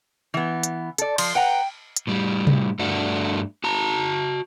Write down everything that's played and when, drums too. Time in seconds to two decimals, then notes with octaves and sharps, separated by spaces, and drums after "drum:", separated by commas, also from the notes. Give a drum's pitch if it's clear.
0.34 E3 B3
0.63 drum: hi-hat
0.98 A4 D5, drum: hi-hat
1.18 F3 C6, drum: cymbal
1.35 B4 F#5 G5 A#5
1.96 drum: hi-hat
2.07 A2 G3
2.47 drum: tom C3
2.79 G2 A3 D4 F#4
3.64 F#4 A5 A#5